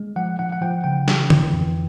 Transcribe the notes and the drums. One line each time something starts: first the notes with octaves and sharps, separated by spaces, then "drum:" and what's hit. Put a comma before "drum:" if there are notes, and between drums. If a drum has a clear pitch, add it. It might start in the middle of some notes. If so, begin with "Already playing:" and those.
Already playing: G#3
F3 F#5
F3 F#5
F#5
F3 G5
C#3 G5
E3, drum: snare
E3, drum: tom
F2